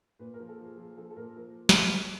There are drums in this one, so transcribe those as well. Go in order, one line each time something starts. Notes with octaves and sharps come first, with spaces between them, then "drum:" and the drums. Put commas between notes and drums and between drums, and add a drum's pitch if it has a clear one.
A#2 B4
A#4
F3
A4
F3 G#4
F3 G#4
F3 A4
A4
A#2 A#4
F3 A#4
drum: snare